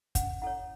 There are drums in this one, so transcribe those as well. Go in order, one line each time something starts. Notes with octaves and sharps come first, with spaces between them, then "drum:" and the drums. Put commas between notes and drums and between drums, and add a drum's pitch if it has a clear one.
C#4 F#5, drum: kick, hi-hat
E4 A4 C#5 F#5